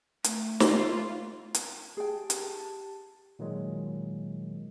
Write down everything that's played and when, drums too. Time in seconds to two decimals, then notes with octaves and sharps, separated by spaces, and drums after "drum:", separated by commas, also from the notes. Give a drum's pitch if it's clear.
0.24 A3, drum: hi-hat
0.60 F4, drum: snare
1.55 drum: hi-hat
1.97 G4 G#4 G5 A5
2.30 drum: hi-hat
3.39 A#2 D#3 F#3 G#3